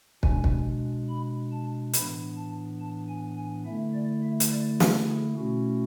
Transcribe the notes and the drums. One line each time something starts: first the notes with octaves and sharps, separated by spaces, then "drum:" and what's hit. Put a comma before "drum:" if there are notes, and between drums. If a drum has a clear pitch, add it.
B2 G#3 D4 G#5, drum: kick
drum: kick
B5
A5
A2 E3 B3 D4 B5, drum: hi-hat
A5
A5
G#5
G#5
D3 A3 E4 E5
D5
E5
drum: hi-hat
D5
B4, drum: snare
G#4
B2 A3 C#4 E4 F#4